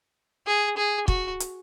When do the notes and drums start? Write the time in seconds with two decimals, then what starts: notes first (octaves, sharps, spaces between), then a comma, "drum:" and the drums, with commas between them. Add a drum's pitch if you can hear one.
0.47 G#4
0.77 G#4
1.08 F#4, drum: kick
1.40 drum: hi-hat